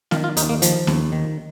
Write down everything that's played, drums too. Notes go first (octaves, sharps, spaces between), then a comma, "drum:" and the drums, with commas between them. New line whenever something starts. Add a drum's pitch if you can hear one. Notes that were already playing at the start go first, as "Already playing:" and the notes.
D#3 F4, drum: snare B3
F4
D#2 D#4, drum: hi-hat
A#3
D#3 F3, drum: hi-hat
D#2, drum: snare B3
D#3